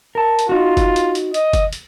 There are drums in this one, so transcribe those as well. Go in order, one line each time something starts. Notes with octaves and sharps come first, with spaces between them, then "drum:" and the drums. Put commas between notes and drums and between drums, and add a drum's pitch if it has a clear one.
A#4 A5
drum: hi-hat
D#4 F4 F#4
drum: kick F#1, hi-hat
drum: hi-hat
drum: hi-hat
D#5, drum: hi-hat
drum: kick F#1, hi-hat
drum: hi-hat